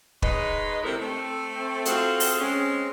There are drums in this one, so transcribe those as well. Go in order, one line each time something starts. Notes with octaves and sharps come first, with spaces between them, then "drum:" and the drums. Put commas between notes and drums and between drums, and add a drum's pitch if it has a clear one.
G#3 D#4 B4 C#5 D#5, drum: kick
C3 D4 E4 A4 A#4
A3 C4
C4 F4 F#4 G#4 A4, drum: hi-hat
drum: open hi-hat
G#3 C4 C#4